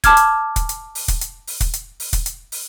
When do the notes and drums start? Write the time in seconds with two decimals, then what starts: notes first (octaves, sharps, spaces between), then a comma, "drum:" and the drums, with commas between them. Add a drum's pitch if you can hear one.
0.04 A5 D6 F6 G#6, drum: kick, hi-hat
0.17 drum: hi-hat
0.56 drum: kick, hi-hat
0.69 drum: hi-hat
0.95 drum: open hi-hat
1.08 drum: kick, hi-hat
1.21 drum: hi-hat
1.47 drum: open hi-hat
1.60 drum: kick, hi-hat
1.74 drum: hi-hat
2.00 drum: open hi-hat
2.13 drum: kick, hi-hat
2.26 drum: hi-hat
2.52 drum: open hi-hat